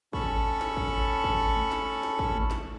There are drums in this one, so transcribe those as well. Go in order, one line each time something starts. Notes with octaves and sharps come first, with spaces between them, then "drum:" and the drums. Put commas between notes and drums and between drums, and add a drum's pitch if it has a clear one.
C#4 A4 A5 B5 C#6, drum: kick
drum: snare
drum: kick
drum: kick
drum: tom G#3
drum: snare
drum: snare
drum: kick
drum: tom G#3
drum: snare